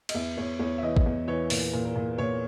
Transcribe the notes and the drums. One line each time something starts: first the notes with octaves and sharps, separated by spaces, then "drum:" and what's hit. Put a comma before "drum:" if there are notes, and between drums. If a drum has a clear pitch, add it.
D#5, drum: cymbal
E2 E5
E2 C#5
E2 C#5
E5
E3 D#5
drum: kick A1
E2
E3 C#5
A#2, drum: open hi-hat
A#2
A#4
A#2
A#2 C#5